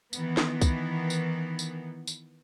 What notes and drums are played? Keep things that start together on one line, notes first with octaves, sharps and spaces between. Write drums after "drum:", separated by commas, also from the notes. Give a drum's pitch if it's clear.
D#3 E3 B3, drum: tambourine
drum: snare
drum: kick, tambourine
drum: tambourine
drum: tambourine
drum: tambourine